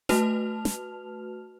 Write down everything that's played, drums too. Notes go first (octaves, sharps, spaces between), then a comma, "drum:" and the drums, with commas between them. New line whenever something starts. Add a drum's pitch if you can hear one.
A3 F#4 B4 A5 F6 F7, drum: snare
drum: snare